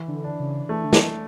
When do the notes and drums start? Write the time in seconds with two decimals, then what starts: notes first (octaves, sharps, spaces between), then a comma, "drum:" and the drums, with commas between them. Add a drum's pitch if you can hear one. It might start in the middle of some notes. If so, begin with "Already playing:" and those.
Already playing: E3
0.08 D3
0.24 D4
0.40 C#3
0.69 E3 A3
0.85 D3
0.93 E3, drum: snare